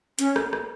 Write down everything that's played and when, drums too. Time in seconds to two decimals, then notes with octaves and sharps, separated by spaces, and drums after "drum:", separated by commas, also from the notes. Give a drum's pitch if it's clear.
0.19 C#4, drum: hi-hat
0.36 drum: rim click
0.53 drum: rim click